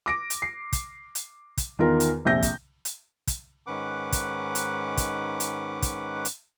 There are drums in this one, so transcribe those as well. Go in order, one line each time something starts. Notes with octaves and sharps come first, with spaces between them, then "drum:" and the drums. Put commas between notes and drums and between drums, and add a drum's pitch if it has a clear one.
D6 A#6 D7
drum: hi-hat
C7
drum: kick, hi-hat
drum: hi-hat
drum: kick, hi-hat
E2 D#3 F4 A#4
drum: hi-hat
A#1 F2 C3 E5 G6 A#6
drum: kick, hi-hat
drum: hi-hat
drum: kick, hi-hat
G#2 D#3 C#4 B4 F#5 D6
drum: kick, hi-hat
drum: hi-hat
drum: kick, hi-hat
drum: hi-hat
drum: kick, hi-hat
drum: hi-hat